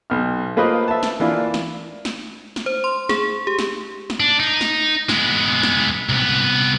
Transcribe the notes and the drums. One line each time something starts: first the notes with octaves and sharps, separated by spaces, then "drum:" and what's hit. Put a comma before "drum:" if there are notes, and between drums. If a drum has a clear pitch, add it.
B1 F6
A3 A#3 F4 B4 C5 D#5
E5 A5
drum: snare
E3 A#3 D4 E4 F4
drum: snare
drum: snare
drum: snare
C5
C6
G#4, drum: snare
G4
drum: snare
drum: snare
D4
D#4
drum: snare
G#3 B3, drum: snare
drum: snare
C2 B3